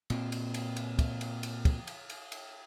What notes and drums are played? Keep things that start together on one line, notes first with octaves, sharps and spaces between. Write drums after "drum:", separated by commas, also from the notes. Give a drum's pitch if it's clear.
A#2 C4, drum: cymbal
drum: cymbal
drum: cymbal
drum: cymbal
drum: kick, cymbal
drum: cymbal
drum: cymbal
drum: kick, cymbal
drum: cymbal
drum: cymbal
drum: cymbal